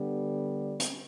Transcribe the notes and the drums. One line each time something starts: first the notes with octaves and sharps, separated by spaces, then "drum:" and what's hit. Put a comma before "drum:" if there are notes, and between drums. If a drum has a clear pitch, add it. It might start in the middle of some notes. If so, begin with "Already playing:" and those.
Already playing: D3 G3 B3
drum: hi-hat